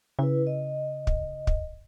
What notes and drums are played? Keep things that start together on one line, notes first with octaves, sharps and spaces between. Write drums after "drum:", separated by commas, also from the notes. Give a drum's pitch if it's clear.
C#3 E4 B4
D#5
drum: kick
drum: kick